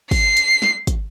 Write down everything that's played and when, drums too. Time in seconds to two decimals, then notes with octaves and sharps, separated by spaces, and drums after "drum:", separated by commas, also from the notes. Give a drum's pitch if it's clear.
0.11 C7, drum: kick, open hi-hat
0.37 drum: hi-hat
0.62 drum: snare
0.87 drum: kick, hi-hat